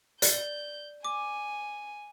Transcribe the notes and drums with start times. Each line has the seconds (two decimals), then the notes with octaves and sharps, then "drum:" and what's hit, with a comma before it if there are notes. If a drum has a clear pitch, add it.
0.22 D5 G6, drum: hi-hat
1.05 G#5 D6